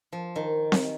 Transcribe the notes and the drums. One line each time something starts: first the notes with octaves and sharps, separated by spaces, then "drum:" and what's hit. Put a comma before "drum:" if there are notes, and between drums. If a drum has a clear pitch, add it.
F3
D#3
drum: snare C4